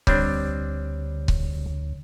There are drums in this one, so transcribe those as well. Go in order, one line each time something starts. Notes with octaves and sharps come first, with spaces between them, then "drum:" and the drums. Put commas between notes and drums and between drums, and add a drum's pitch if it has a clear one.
D2 G3 C4 D4 C#5, drum: kick C#1
drum: kick C#1